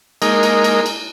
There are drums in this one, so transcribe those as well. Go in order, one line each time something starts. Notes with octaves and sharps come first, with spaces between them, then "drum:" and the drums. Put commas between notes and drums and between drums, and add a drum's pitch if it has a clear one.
G#3 A#3 D#4 A#4, drum: cymbal
drum: cymbal
drum: cymbal
drum: cymbal